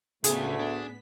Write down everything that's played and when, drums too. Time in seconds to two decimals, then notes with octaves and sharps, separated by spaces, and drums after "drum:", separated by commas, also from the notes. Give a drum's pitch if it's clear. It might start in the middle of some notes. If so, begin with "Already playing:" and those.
0.24 D2 A2 C#3 A3 B3 F4 G#4 B6, drum: hi-hat
0.59 D4